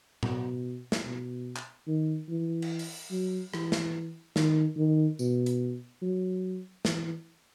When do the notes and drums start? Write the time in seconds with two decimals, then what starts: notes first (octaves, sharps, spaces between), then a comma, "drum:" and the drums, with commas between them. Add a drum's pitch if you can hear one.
0.23 B2, drum: tom A2
0.92 drum: snare
1.04 B2
1.56 drum: clap
1.88 D#3
2.29 E3
2.62 drum: cymbal
2.79 drum: open hi-hat
3.11 F#3
3.54 E3, drum: rim click
3.72 drum: snare
4.36 D#3, drum: snare
4.78 D#3
5.19 B2, drum: tambourine
5.46 drum: hi-hat
6.02 F#3
6.85 E3, drum: snare